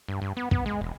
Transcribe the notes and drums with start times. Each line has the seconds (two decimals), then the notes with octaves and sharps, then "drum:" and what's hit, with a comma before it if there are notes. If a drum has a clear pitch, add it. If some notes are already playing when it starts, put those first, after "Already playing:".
0.08 G2
0.22 G2
0.37 B3
0.51 B3, drum: kick
0.66 G#3
0.81 E1